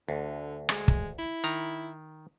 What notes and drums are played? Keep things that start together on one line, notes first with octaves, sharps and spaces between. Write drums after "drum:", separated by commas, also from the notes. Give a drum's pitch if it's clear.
D2 D3
G#3, drum: rim click
drum: kick
E4
D#3 A#5